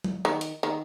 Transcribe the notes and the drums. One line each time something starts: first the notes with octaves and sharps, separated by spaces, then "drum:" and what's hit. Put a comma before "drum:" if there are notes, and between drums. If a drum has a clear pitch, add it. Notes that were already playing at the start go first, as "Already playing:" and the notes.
drum: tom F#3
D#3
drum: hi-hat
D#3